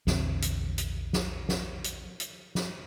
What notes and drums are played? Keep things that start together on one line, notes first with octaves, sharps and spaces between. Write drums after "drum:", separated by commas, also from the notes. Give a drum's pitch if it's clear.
A#1 E2 D3 C4, drum: snare
drum: hi-hat
drum: hi-hat
drum: snare
drum: snare
drum: hi-hat
drum: hi-hat
drum: snare